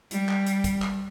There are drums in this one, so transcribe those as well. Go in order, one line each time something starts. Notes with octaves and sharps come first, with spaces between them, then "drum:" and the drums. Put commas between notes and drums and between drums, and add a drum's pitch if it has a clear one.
G3, drum: hi-hat
drum: clap
drum: hi-hat
drum: kick, hi-hat
drum: clap